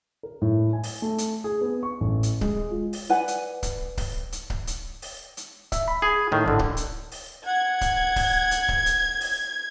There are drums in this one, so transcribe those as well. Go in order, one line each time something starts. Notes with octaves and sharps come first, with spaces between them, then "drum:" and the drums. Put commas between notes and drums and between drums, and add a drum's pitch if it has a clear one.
A#4
A2
G#5
drum: open hi-hat
A3
drum: hi-hat
G#4
B3
C#6
A1
drum: hi-hat
G#3, drum: kick C#1
F4
drum: open hi-hat
B4 D5 F#5 G#5
drum: hi-hat
drum: kick C#1, hi-hat
drum: kick C#1, open hi-hat
drum: hi-hat
drum: kick C#1
drum: hi-hat
drum: open hi-hat
drum: hi-hat
E5, drum: kick C#1, hi-hat
B5
G#4
A2 D#3
G#1 A2 D3
drum: kick C#1
drum: hi-hat
drum: open hi-hat
F#5 G#6
drum: kick C#1, hi-hat
drum: kick C#1, open hi-hat
drum: hi-hat
drum: kick C#1
drum: hi-hat
drum: open hi-hat